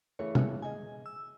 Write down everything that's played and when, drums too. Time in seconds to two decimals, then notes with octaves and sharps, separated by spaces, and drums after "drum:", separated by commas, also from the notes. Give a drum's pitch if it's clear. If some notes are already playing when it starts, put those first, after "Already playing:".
0.19 C#3 E3 A3 C#5
0.35 drum: tom
0.62 G#4 D#5 G#5
1.06 E6